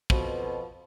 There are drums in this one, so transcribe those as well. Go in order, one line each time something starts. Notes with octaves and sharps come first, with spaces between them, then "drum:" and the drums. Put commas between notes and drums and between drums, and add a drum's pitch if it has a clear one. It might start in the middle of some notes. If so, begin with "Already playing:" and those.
F2 B2 F3, drum: kick